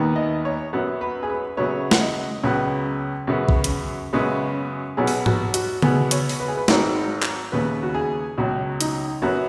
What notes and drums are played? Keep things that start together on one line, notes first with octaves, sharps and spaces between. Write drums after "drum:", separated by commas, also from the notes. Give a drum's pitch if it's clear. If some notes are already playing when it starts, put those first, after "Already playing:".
Already playing: D#2 D#3 B3
D#5
C#5
F#2 F#3 B3
B4
G#4
B4
F#2 C#3 F#3 B3 C#5
F#5, drum: snare
D#5
C#2 C#3 F#3 B3
F#2 C#3 B3
drum: kick
drum: hi-hat
F#2 C#3 G#3 B3
B1 B2 F#3 B3 G#4
drum: open hi-hat
F#4, drum: tom G#2
F#4, drum: hi-hat
B1 B2 B3 G#4, drum: tom C#3
C#5, drum: hi-hat
drum: open hi-hat
B4
G#4
B4
G#1 G#2 D#3 F#3, drum: snare
drum: clap
D#2 C#3 B3 B4
F#4
G#4
C#2 B2 F#3 F#4
D#4, drum: hi-hat
F#2 F#3 B3 F#4